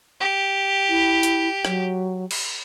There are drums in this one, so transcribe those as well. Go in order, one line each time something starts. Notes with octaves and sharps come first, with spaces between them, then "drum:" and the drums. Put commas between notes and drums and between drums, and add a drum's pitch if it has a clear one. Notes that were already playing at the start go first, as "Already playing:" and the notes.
G4
E4
drum: hi-hat
F#3, drum: rim click
drum: cymbal